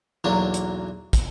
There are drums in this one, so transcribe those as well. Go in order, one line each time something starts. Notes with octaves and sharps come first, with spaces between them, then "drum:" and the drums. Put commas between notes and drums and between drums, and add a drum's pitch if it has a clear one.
B1 E2 F#3 A#3 D4
drum: hi-hat
drum: kick, hi-hat